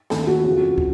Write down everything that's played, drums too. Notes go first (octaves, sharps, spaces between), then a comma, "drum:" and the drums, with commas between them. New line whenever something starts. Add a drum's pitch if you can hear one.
D#2 D#3 A3 A4, drum: snare
F#4
F2 C#3 F3 F#4
drum: kick